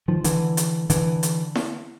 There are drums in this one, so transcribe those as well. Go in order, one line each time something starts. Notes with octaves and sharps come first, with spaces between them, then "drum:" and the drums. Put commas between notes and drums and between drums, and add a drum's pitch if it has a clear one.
D#3 F3
D3 E3, drum: hi-hat
drum: hi-hat
D3 E3, drum: hi-hat
drum: hi-hat
drum: snare E4